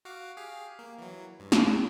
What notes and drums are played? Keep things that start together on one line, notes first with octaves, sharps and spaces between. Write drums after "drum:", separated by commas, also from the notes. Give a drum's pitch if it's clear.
F#4 F5 D6
G4 G#4 F5
A#3
E3 F#3
G2
drum: snare